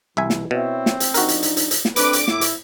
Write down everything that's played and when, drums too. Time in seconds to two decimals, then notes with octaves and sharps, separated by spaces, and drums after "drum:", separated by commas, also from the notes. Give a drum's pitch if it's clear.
0.17 C2 B2 E3 E5 G#5
0.30 drum: snare
0.51 B2 C4 E4 C#5 E5
0.86 drum: snare
1.00 drum: hi-hat
1.14 F3 D4 D#4 F#4 A#4, drum: hi-hat
1.28 drum: hi-hat
1.43 drum: hi-hat
1.57 drum: hi-hat
1.71 drum: hi-hat
1.85 drum: snare
1.96 A3 C4 D4 B4 D6, drum: hi-hat
2.13 drum: hi-hat
2.28 A2 E4, drum: snare
2.41 drum: hi-hat